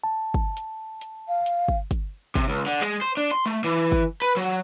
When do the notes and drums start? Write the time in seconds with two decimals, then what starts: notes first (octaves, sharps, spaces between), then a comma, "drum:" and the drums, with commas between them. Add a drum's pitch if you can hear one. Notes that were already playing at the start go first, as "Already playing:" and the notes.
0.04 A5
0.34 drum: kick
0.57 drum: hi-hat
1.01 drum: hi-hat
1.29 F5
1.46 drum: hi-hat
1.68 drum: kick
1.91 drum: kick, hi-hat
2.35 C3, drum: kick, hi-hat
2.49 C#2
2.67 D3
2.81 G#3, drum: clap
3.01 C5
3.17 D4
3.31 C6
3.46 A3
3.64 E3
3.92 drum: kick
4.22 B4
4.37 F#3